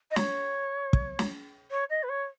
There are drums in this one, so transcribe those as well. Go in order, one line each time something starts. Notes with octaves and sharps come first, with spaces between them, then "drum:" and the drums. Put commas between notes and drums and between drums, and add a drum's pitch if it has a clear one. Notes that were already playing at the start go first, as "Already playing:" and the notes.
D#5
C#5, drum: snare
drum: kick
drum: snare
C#5
D#5
B4
C#5